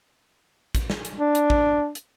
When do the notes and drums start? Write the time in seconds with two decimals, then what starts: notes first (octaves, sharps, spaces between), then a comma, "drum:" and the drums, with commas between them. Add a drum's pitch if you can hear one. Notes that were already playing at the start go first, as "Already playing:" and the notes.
0.75 drum: kick, hi-hat
0.90 drum: snare
1.05 drum: hi-hat
1.20 D4
1.35 drum: hi-hat
1.50 drum: kick
1.95 drum: hi-hat